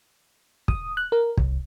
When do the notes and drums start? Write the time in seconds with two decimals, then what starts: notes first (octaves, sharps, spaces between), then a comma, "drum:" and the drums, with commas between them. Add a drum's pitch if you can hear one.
0.68 D#6, drum: kick
0.97 F#6
1.12 A#4
1.38 C2, drum: kick